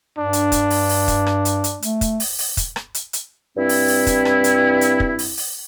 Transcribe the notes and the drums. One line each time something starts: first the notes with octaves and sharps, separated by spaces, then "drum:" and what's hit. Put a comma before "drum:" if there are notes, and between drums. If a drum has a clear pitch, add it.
G2 D4
drum: hi-hat
drum: kick, hi-hat
drum: open hi-hat
drum: open hi-hat
drum: kick, hi-hat
drum: rim click
drum: hi-hat
drum: hi-hat
A3, drum: hi-hat
drum: kick, hi-hat
drum: open hi-hat
drum: open hi-hat
drum: kick, hi-hat
drum: rim click
drum: hi-hat
drum: hi-hat
G2 C4 E4
drum: open hi-hat
drum: open hi-hat
drum: kick, hi-hat
drum: rim click
drum: hi-hat
drum: hi-hat
drum: kick
drum: open hi-hat
drum: open hi-hat